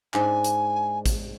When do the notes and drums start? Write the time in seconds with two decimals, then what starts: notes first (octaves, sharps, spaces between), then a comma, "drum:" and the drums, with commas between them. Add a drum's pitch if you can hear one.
0.14 G#2 D4 G#5, drum: clap
0.44 drum: hi-hat
1.06 drum: kick A1, hi-hat